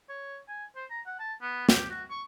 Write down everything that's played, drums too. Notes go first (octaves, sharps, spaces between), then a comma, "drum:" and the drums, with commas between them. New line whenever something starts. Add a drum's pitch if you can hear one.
C#5
G#5
C5
A#5
F#5
A5
B3
G4, drum: snare
F#4
C#6